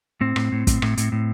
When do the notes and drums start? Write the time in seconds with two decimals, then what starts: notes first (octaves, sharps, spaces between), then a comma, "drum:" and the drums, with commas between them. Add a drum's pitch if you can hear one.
0.21 A2 C4
0.36 A2, drum: rim click
0.52 A2
0.67 A2, drum: kick, hi-hat
0.82 A2, drum: rim click
0.97 A2, drum: hi-hat
1.12 A2